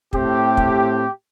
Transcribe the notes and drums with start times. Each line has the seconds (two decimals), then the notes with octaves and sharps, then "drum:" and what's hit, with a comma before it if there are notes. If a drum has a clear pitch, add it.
0.13 A2 A3 C4 G4, drum: kick
0.57 drum: kick